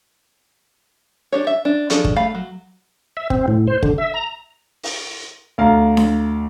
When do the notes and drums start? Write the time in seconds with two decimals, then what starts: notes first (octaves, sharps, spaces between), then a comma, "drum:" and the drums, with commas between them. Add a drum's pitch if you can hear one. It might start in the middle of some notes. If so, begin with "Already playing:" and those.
1.32 D4 G4 C#5
1.47 E5
1.65 D4
1.90 F3 C#4 D4 G#4 A4, drum: hi-hat
2.04 drum: kick
2.16 A3 F5 B5
2.35 F#3
3.17 E5
3.30 C4, drum: kick
3.48 A2
3.67 C5
3.83 D3, drum: kick
3.98 E5
4.14 A#5
4.83 drum: open hi-hat
5.58 D2 F5 A#5
5.97 drum: snare D4